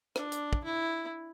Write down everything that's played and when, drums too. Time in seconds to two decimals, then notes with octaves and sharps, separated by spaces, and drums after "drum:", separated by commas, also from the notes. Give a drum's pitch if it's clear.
0.16 D4, drum: rim click
0.32 drum: hi-hat
0.53 drum: kick
0.64 E4